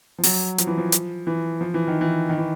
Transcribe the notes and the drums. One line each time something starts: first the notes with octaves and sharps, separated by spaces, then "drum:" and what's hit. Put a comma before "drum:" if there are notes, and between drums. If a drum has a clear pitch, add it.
F3
F#3, drum: open hi-hat
F3, drum: hi-hat
E3
F3
drum: hi-hat
E3
F3
E3
D#3
E3
D#3
E3